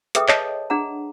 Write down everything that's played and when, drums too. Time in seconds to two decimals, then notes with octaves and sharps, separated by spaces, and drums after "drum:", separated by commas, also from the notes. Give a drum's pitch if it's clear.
0.15 G#4 A4 B4 E5 G5 D#6, drum: hi-hat
0.28 C#5 D#5 A5, drum: clap
0.70 D4 G#4 F#5 A#5